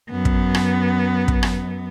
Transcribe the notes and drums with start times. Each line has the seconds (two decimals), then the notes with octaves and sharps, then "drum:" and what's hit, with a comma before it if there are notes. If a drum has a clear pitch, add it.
0.10 F#2 B3
0.25 drum: kick
0.55 drum: rim click
1.28 drum: kick
1.43 drum: rim click